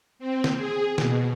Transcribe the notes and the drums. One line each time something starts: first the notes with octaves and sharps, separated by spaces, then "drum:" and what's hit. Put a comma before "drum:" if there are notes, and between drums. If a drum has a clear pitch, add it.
C4
drum: snare
G#4
B2, drum: snare